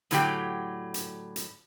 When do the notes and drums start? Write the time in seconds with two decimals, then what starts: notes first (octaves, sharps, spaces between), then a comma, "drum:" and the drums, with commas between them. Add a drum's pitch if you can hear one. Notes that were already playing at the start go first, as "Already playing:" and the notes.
0.11 A2 D3 F#3 C#4 G4 G5, drum: hi-hat
0.94 drum: hi-hat
1.36 drum: hi-hat